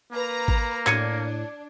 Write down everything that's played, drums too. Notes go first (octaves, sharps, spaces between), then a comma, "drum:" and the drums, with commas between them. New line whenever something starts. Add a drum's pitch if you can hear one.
A#3 B4 A#5
drum: kick G#1
A2 D4 G#6 C#7 D#7, drum: clap